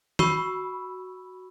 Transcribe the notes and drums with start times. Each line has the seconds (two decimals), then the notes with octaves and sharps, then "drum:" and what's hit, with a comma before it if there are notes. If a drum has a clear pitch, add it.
0.19 F#4 B5 C#6 E6, drum: tom D#3